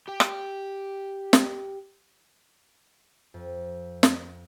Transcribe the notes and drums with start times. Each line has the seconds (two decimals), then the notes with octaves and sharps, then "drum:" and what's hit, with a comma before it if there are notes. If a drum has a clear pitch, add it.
0.08 G4 G5
0.20 drum: rim click
1.33 drum: snare
3.34 F2
4.03 drum: snare